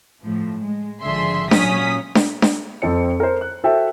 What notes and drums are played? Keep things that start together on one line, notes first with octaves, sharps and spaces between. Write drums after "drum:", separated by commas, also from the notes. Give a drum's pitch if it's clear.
A2 F3
G#3
G#1 D3 F3 G#4 E5 C6
A#2 F#3 C#4 D#6 B6, drum: snare D4
drum: snare D4
drum: snare D4
F2 C4 A4 C5 C#7
A#4 C5
F#6
F#4 A4 C5 E5 G5